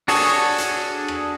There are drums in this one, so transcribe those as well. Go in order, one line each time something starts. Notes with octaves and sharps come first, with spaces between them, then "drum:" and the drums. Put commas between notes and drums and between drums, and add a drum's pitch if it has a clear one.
D4 F#4 G#4 A4 C#5, drum: open hi-hat
drum: hi-hat
drum: rim click